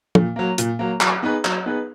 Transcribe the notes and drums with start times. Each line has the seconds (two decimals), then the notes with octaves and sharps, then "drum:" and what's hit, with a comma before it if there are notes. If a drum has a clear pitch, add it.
0.15 A#2, drum: tom
0.36 F#3 A#3
0.58 A#2, drum: hi-hat
0.79 F#3 A#3
1.01 F#3, drum: clap
1.23 B3 D#4 G#4 B4
1.45 F#3, drum: clap
1.66 B3 D#4 G#4 B4